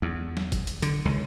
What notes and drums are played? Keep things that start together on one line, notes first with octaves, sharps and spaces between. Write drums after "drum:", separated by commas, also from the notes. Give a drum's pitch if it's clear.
E2
drum: snare F#3
drum: kick, hi-hat
drum: hi-hat
D3, drum: hi-hat
C#2 D#3